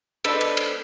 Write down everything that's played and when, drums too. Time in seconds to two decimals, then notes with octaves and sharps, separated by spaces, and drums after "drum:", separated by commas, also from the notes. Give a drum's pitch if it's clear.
0.24 D4 A4 B4 C5 D#5, drum: cymbal
0.41 drum: cymbal
0.57 drum: cymbal